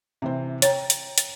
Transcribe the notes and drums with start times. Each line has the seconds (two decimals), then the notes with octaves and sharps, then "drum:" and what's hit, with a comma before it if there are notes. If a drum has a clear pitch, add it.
0.22 C3 E3 C5
0.62 C#5 G5 A#5, drum: hi-hat
0.90 drum: hi-hat
1.18 drum: hi-hat